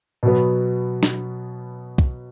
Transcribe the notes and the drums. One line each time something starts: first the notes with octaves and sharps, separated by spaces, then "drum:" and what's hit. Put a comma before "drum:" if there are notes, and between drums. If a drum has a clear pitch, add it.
B2 F#3 B3
drum: snare
drum: kick